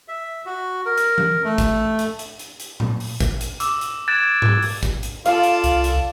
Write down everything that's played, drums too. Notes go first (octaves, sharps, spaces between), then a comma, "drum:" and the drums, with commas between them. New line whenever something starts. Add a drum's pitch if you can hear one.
E5
F#4
A#4
drum: hi-hat
drum: tom E3
A3
drum: kick, hi-hat
drum: hi-hat
drum: hi-hat
drum: hi-hat
drum: hi-hat
drum: tom A#2
drum: open hi-hat
drum: kick, hi-hat
drum: hi-hat
D6 E6, drum: hi-hat
drum: hi-hat
F#6 G#6 A6 D7 E7
drum: tom G#2
drum: open hi-hat
drum: kick, hi-hat
drum: hi-hat
F4 A4 D5 F5, drum: hi-hat
drum: hi-hat
C2, drum: hi-hat
drum: hi-hat